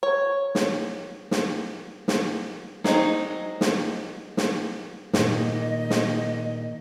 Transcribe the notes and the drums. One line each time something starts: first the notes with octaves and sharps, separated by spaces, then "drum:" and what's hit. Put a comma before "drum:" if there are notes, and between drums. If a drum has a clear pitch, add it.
C#5
drum: snare
drum: snare
drum: snare
F#3 G#3 B3 C4 D#4, drum: snare
drum: snare
drum: snare
A#2 D#3 D#5, drum: snare
drum: snare